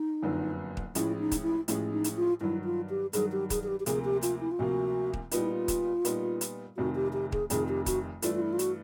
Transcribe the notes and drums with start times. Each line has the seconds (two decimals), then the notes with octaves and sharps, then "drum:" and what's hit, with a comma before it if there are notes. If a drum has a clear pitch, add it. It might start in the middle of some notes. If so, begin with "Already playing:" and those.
Already playing: D#4
0.23 F#1 F2 D3 F#3 B3
0.77 drum: kick
0.95 A1 A2 F3 G#3 C#4 E4, drum: hi-hat
1.19 D#4
1.32 drum: kick, hi-hat
1.43 E4
1.68 A1 A2 F3 G#3 C#4, drum: hi-hat
1.92 D#4
2.04 drum: hi-hat
2.17 F4
2.41 G2 D#3 F#3 E4
2.64 F4
2.90 G4
3.13 G2 D#3 F#3 G#4, drum: hi-hat
3.32 G4
3.50 G#4, drum: kick, hi-hat
3.63 G#4
3.68 G4
3.80 G4
3.86 D2 C3 F3 A#3 G#4, drum: hi-hat
4.05 G4
4.22 F4, drum: hi-hat
4.40 E4
4.51 F4
4.59 D2 C3 F3 A#3 F#4
5.14 drum: kick
5.31 A#2 G3 B3 D#4 F4, drum: hi-hat
5.42 E4
5.51 F4
5.68 drum: kick, hi-hat
6.05 A#2 G3 B3 D#4, drum: hi-hat
6.41 drum: hi-hat
6.77 F1 F2 C3 D#3 F#4
6.95 G4
7.13 G4
7.32 G#4, drum: kick
7.50 F1 F2 C3 D#3 G#4, drum: hi-hat
7.69 G4
7.86 F#4, drum: kick, hi-hat
8.22 G2 E3 A3 D4 F4, drum: hi-hat
8.35 F4
8.42 E4
8.53 F4
8.59 F#4, drum: hi-hat